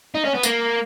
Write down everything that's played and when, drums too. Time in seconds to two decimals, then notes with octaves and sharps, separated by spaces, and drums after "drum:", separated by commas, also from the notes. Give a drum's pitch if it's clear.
0.14 D#4
0.24 C#4
0.34 B3
0.43 A#3, drum: tambourine